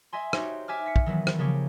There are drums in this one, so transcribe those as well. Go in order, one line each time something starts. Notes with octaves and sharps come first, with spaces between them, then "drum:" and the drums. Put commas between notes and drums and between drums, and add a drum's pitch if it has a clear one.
D#5 E5 G#5 C6
D#4 F#4 G4 C5 C#5, drum: rim click
E5 G#5 D6 F6
B6 C#7
drum: kick
D#3 E3 F#3 B3
drum: rim click
C#3 F3 A#3 G4 G#4 C#5